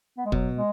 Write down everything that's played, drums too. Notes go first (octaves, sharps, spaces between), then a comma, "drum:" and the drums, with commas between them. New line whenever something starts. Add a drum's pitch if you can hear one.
B3
G#3
B2 F#3, drum: kick
G#3